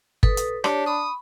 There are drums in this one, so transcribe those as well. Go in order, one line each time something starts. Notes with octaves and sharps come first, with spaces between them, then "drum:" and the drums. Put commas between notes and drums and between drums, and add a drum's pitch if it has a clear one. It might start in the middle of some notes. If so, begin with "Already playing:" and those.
A4 B4 D#6, drum: kick G1
drum: hi-hat
D4 G4 C#5, drum: rim click
B5 C#6 D#6